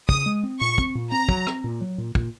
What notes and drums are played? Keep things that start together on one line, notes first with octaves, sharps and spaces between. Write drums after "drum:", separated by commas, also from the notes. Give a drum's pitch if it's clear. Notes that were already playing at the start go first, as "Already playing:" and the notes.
C#3 D#6, drum: kick
G#3
C4
A#2 C#6
C4, drum: kick
A#2
C4 A#5
F#3, drum: kick
C4, drum: rim click
A#2
F#3
A#2
A#2, drum: kick